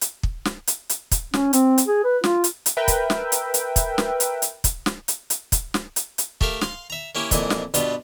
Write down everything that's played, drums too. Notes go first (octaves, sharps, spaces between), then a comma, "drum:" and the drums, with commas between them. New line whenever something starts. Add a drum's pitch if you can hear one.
drum: hi-hat
drum: kick
drum: snare
drum: hi-hat
drum: hi-hat
drum: kick, hi-hat
C#4, drum: snare
C4, drum: hi-hat
drum: hi-hat
G#4
B4
F4, drum: snare
drum: hi-hat
drum: hi-hat
A#4 B4 E5 G5
drum: kick, hi-hat
drum: snare
drum: hi-hat
drum: hi-hat
drum: kick, hi-hat
drum: snare
drum: hi-hat
drum: hi-hat
drum: kick, hi-hat
drum: snare
drum: hi-hat
drum: hi-hat
drum: kick, hi-hat
drum: snare
drum: hi-hat
drum: hi-hat
A3 G4 A#4 E5 F5, drum: kick
F5 C6, drum: snare
E5 A#5
A#3 C#4 E4 G4 A#4
F2 A#2 E3 A#3 D#5, drum: kick, hi-hat
drum: snare
G2 B2 G3 B3 F4, drum: hi-hat